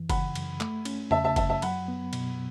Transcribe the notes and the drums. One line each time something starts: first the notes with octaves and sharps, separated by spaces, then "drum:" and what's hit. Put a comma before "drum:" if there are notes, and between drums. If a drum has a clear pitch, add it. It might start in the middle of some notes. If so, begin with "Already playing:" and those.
Already playing: F#2 E3
C#3 F#5 B5, drum: kick F#1, cymbal
F#2, drum: cymbal
A3, drum: clap
C#4, drum: cymbal
C#3 E5 A5, drum: tom E2
E5 A5
F#2 E5 A5, drum: kick F#1, cymbal
E5 A5
F#3 F#5 B5, drum: cymbal
B3
B2, drum: cymbal